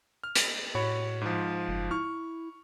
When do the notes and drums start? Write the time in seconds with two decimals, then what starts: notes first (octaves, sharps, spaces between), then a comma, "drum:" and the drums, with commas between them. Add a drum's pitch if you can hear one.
0.24 F6
0.35 drum: hi-hat
0.75 A2 F#4 C#5 B5
1.21 G#2 F3
1.68 F#1
1.91 E4 C#6 F6